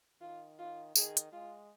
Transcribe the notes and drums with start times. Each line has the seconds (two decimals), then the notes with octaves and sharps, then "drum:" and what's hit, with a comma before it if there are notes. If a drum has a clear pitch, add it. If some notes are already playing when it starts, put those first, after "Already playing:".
0.21 D#3 F4
0.59 F4
0.96 D#3 G#4, drum: tambourine
1.17 drum: hi-hat
1.33 G#3 F4